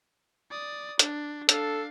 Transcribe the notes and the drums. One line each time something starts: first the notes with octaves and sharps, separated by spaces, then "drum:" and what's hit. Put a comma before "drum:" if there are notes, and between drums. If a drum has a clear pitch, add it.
D5 D#6
D4, drum: hi-hat
D4 A4 F5, drum: hi-hat